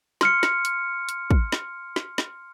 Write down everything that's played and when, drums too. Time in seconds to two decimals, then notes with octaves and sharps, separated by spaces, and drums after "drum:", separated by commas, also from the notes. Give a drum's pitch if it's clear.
0.21 C6 F6 C#7, drum: snare
0.43 drum: snare
0.65 drum: hi-hat
1.09 drum: hi-hat
1.31 drum: kick
1.52 drum: snare
1.96 drum: snare
2.18 drum: snare